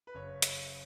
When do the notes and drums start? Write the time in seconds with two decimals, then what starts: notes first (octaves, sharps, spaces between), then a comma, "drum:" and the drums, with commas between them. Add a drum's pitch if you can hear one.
0.07 B4
0.14 F#1 C#5
0.42 drum: hi-hat